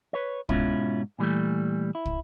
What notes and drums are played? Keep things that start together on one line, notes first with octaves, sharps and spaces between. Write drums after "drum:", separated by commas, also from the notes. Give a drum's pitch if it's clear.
B4 C#5
G#2 B2 C#4 E4 F4, drum: kick
A#2 E3 G3 A3
E4
drum: kick